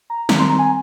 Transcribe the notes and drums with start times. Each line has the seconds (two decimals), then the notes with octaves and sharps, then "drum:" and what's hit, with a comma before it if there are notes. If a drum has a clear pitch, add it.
0.10 A#5
0.29 D#3 G3 C4 A#5, drum: snare
0.39 C6
0.49 A#5
0.59 G#5